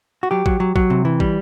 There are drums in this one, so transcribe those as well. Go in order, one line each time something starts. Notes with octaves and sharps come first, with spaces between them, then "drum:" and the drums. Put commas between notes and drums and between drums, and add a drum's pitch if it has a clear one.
F#4
F#3 G4
F#3, drum: kick
F#3
F#3, drum: kick
C3
E3
G3, drum: kick